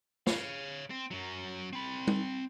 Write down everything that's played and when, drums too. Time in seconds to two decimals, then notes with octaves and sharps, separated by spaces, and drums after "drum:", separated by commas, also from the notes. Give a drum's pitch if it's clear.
0.27 C#5 F5, drum: snare
0.90 C4
1.11 F#2 F#3
1.73 C4 B5
2.07 drum: tom G3